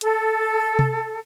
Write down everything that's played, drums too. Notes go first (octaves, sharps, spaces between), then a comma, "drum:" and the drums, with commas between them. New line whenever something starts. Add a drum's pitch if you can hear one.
A4, drum: hi-hat
drum: tom C3